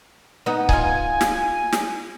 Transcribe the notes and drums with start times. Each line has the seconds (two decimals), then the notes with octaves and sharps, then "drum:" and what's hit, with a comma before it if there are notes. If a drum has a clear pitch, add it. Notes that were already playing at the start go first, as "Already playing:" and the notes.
0.46 B3 D#4
0.69 D#4 F4 G#5, drum: kick C#1
1.21 drum: snare
1.72 drum: snare